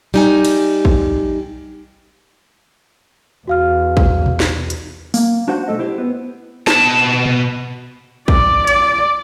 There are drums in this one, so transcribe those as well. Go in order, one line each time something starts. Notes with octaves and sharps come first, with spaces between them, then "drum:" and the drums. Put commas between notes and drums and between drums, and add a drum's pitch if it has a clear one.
G3 D#4 G#5
drum: cymbal
drum: kick
E2 F#4 F5 F6
drum: kick
drum: tom B2
drum: snare
drum: hi-hat
A#3, drum: open hi-hat
D4 F#4 C5 F#5
B1 F#2 A3 A4 D#5
E4 G4 C5
B3
B2 A5, drum: snare
drum: tom B2
D5, drum: kick
D5, drum: hi-hat